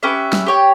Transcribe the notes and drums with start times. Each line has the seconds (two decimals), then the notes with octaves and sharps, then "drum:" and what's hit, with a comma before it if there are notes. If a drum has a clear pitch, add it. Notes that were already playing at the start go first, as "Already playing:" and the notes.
0.03 C#4 G4 B4 E5
0.33 drum: snare
0.46 G4 C#5 G5